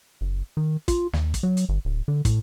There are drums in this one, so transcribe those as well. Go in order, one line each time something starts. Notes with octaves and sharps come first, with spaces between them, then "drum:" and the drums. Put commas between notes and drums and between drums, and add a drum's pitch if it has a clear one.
F#1
D#3
F4, drum: kick, hi-hat
D#2, drum: snare
drum: kick, hi-hat
F#3
drum: hi-hat
G1
D1
D3
A2, drum: kick, hi-hat